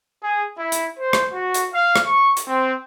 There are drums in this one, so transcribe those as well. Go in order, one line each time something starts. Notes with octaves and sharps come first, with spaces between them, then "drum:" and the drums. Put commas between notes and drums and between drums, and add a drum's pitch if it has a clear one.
G#4
E4
drum: hi-hat
C5
drum: rim click
F#4
drum: hi-hat
F5
drum: rim click
C#6
drum: hi-hat
C4